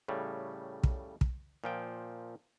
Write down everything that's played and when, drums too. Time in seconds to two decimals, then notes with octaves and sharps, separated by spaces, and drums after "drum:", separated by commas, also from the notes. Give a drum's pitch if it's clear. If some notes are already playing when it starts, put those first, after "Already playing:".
0.08 A2 C#3 G3
0.84 drum: kick
1.21 drum: kick
1.64 A#2 F3 G5